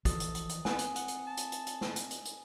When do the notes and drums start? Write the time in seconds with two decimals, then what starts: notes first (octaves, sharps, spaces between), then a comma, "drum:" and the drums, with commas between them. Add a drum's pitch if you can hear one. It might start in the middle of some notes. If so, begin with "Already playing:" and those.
0.05 E3 F3 A4 D#6 A6, drum: kick, hi-hat
0.20 drum: hi-hat
0.35 drum: hi-hat
0.49 drum: hi-hat
0.65 B3 C4 G#5, drum: snare
0.79 drum: hi-hat
0.96 F#5, drum: hi-hat
1.08 drum: hi-hat
1.27 A5
1.37 drum: hi-hat
1.52 drum: hi-hat
1.67 drum: hi-hat
1.81 drum: snare
1.96 drum: hi-hat
2.11 drum: hi-hat
2.25 drum: hi-hat